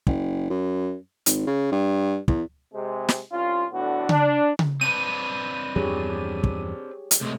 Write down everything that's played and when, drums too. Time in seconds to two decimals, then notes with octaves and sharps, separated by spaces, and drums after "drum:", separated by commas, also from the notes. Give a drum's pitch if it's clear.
0.07 F#1, drum: kick
0.50 F#2
1.26 G#1, drum: hi-hat
1.47 C#3
1.72 G2
2.28 E2, drum: kick
2.73 C3 G#3
3.09 drum: snare
3.32 C2 C#4 F4
3.72 A2 D3 B3 D4 F#4
4.09 D4, drum: tom C#3
4.59 drum: tom C#3
4.81 C4 D4 B4 D#7
5.76 E2 G2 F3 G4 G#4 C#5
6.43 drum: kick
7.11 drum: hi-hat
7.21 C3 G#3 A3